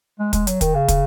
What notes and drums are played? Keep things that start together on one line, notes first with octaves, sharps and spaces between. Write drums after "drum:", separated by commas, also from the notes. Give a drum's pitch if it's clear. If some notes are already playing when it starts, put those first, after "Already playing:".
G#3
G#3, drum: kick, hi-hat
F#3, drum: hi-hat
D#3, drum: kick, hi-hat
C#3
drum: kick, hi-hat